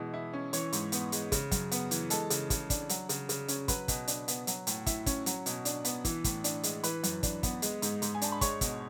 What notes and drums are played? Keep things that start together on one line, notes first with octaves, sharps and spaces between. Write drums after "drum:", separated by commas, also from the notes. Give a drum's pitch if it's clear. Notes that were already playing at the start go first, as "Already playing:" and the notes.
Already playing: B2 E3 G#3
E4
C#4
E3 C#5 C#6, drum: hi-hat
G#2, drum: hi-hat
B3, drum: hi-hat
G#3, drum: hi-hat
C#3, drum: kick, hi-hat
F#2, drum: kick, hi-hat
B3, drum: hi-hat
E3, drum: hi-hat
G#3 A4 A5, drum: hi-hat
C#3, drum: hi-hat
C#3, drum: kick, hi-hat
D4, drum: kick, hi-hat
F#3, drum: hi-hat
C#3, drum: hi-hat
C#3, drum: hi-hat
C#4, drum: hi-hat
F#3 B4 B5, drum: kick, hi-hat
B2, drum: kick, hi-hat
D4, drum: hi-hat
B3, drum: hi-hat
F#3, drum: hi-hat
A2, drum: hi-hat
E4, drum: kick, hi-hat
C#4, drum: kick, hi-hat
F#3, drum: hi-hat
B2, drum: hi-hat
D4, drum: hi-hat
B3, drum: hi-hat
E3, drum: kick, hi-hat
A2, drum: kick, hi-hat
D4, drum: hi-hat
G#3, drum: hi-hat
E3 B4 B5, drum: hi-hat
F#2, drum: hi-hat
D4, drum: kick, hi-hat
B3, drum: kick, hi-hat
G#3, drum: hi-hat
G#2, drum: hi-hat
G#2, drum: hi-hat
G#5
D4 A5, drum: hi-hat
B5
G#3 C#5 C#6, drum: kick, hi-hat
B2, drum: kick, hi-hat